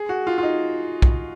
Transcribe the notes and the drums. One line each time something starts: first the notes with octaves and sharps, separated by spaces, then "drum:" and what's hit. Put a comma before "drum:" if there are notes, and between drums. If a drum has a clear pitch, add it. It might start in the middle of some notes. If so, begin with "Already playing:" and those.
Already playing: G#4
F#4
F4
F4
D#4
drum: kick B1